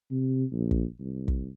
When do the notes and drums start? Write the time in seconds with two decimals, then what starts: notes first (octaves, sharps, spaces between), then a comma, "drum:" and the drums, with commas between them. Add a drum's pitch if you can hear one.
0.11 C3
0.52 A#1
0.71 drum: kick
0.99 C2
1.28 drum: kick